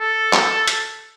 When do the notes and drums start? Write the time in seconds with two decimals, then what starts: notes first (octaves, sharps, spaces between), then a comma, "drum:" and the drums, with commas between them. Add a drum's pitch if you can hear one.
0.01 A4
0.33 drum: clap
0.67 drum: hi-hat